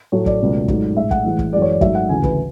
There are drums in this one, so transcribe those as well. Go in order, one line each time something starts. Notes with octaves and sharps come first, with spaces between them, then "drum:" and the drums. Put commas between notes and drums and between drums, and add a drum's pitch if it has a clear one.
A2 F#3 A3 C#5
D5, drum: kick
C#2 B2 A3
G#2 F#3 A3, drum: kick
A2 G#3 E5
F#5, drum: kick
A2 E3 G#3
drum: kick
F#2 E3 G#3 D5
C#5
D5
G#2 F#3 A3 E5, drum: kick
F#5
D2 C#3 E3 G#5
B4, drum: kick